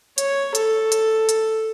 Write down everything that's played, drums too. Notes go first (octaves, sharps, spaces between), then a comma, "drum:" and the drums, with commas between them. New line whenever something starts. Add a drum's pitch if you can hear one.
C#5, drum: hi-hat
A4, drum: hi-hat
drum: hi-hat
drum: hi-hat